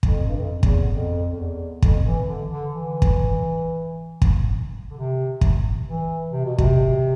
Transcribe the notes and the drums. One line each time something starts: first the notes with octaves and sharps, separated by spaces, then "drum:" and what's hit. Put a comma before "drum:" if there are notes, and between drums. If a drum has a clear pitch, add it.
F2, drum: kick
G2
F2
E2, drum: kick
F2
F2
E2
F2, drum: kick
E3
D3
D3
E3
drum: kick
drum: kick
D3
C3
drum: kick
E3
C3
B2
C3, drum: kick